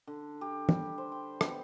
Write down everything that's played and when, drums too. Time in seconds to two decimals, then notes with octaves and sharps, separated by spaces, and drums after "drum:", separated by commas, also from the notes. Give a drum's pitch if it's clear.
0.07 D3
0.41 G4
0.69 G3, drum: tom
0.98 C5
1.12 G5
1.41 B3, drum: rim click